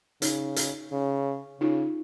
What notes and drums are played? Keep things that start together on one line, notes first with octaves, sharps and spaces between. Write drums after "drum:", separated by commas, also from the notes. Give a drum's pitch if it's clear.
C#3 C#4 D#4, drum: hi-hat
drum: hi-hat
C#3
C#3 D#4 F4